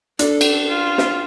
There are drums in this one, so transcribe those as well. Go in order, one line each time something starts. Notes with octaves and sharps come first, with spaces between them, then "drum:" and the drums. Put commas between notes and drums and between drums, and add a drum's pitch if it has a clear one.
D4 A4, drum: hi-hat
drum: cymbal
F4
drum: snare